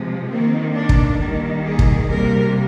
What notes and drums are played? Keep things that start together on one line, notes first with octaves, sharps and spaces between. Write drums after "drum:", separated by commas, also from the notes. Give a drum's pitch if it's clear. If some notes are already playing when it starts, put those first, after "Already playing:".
Already playing: C3 F3 G#3
D#3 A#3 C4
D4
drum: kick
D#3 G3 A#3
G#4
drum: kick
C3 G3 A#3 A#4